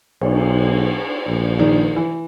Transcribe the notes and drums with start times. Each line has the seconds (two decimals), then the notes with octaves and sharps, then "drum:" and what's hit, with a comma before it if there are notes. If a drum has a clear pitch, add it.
0.21 B1, drum: cymbal
1.27 A#1
1.58 D#3 D4
1.96 E3